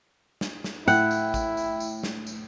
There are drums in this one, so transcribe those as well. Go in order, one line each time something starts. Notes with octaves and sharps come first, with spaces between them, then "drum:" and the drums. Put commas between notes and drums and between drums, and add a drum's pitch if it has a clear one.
drum: snare
drum: snare
A2 E4 F#5 G5, drum: tambourine
drum: tambourine
drum: kick, tambourine
drum: tambourine
drum: tambourine
drum: snare
drum: tambourine